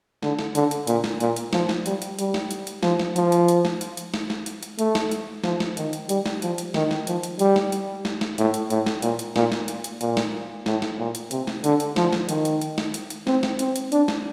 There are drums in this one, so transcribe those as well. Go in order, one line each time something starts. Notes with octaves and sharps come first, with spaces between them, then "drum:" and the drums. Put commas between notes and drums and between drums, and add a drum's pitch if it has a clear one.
D3, drum: snare
drum: snare
D3, drum: hi-hat
drum: hi-hat
A#2, drum: hi-hat
drum: snare
A#2, drum: hi-hat
drum: hi-hat
F3, drum: snare
drum: snare
G3, drum: hi-hat
drum: hi-hat
G3, drum: hi-hat
drum: snare
drum: hi-hat
drum: hi-hat
F3, drum: snare
drum: snare
F3, drum: hi-hat
drum: hi-hat
drum: hi-hat
drum: snare
drum: hi-hat
drum: hi-hat
drum: snare
drum: snare
drum: hi-hat
drum: hi-hat
A3, drum: hi-hat
drum: snare
drum: hi-hat
F3, drum: snare
drum: snare
D#3, drum: hi-hat
drum: hi-hat
G3, drum: hi-hat
drum: snare
F3, drum: hi-hat
drum: hi-hat
D#3, drum: snare
drum: snare
F3, drum: hi-hat
drum: hi-hat
G3, drum: hi-hat
drum: snare
drum: hi-hat
drum: snare
drum: snare
A2, drum: hi-hat
drum: hi-hat
A2, drum: hi-hat
drum: snare
A#2, drum: hi-hat
drum: hi-hat
A#2, drum: snare
drum: snare
drum: hi-hat
drum: hi-hat
A#2, drum: hi-hat
drum: snare
A2, drum: snare
drum: snare
A#2
drum: hi-hat
C3, drum: hi-hat
drum: snare
D3, drum: hi-hat
drum: hi-hat
F3, drum: snare
drum: snare
D#3, drum: hi-hat
drum: hi-hat
drum: hi-hat
drum: snare
drum: hi-hat
drum: hi-hat
C4, drum: snare
drum: snare
C4, drum: hi-hat
drum: hi-hat
D4, drum: hi-hat
drum: snare